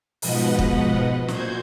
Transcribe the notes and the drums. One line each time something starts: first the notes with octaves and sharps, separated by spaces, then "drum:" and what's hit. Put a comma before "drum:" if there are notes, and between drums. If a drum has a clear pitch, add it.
G#2 B2 F3 B4 D#5 F#5, drum: open hi-hat
drum: kick
A#2 F#4 C5 G6 G#6, drum: snare